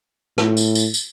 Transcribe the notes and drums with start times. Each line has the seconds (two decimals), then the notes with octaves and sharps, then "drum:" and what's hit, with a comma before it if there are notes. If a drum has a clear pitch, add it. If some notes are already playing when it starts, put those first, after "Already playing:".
0.38 A2, drum: rim click
0.57 drum: tambourine
0.75 drum: tambourine
0.94 drum: tambourine